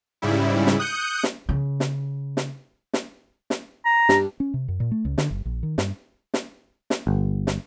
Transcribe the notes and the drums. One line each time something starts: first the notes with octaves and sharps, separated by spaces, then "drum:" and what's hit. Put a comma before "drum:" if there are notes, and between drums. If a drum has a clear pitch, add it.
G#2 C#3 G3 E4
drum: snare
D#6 F#6 G6 C#7
drum: snare
C#3
drum: snare
drum: snare
drum: snare
drum: snare
A#5
G2 G3 D4, drum: snare
C#4
C3
F#2
A#2
A3
C#2
D3, drum: snare
F#1
A#1
D#3
G2, drum: snare
drum: snare
drum: snare
G1
drum: snare